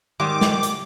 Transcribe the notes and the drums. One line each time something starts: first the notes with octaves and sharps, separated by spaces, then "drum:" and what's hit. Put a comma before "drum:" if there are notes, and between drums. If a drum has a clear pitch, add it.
G#2 D#3 G3 D6
drum: snare
drum: hi-hat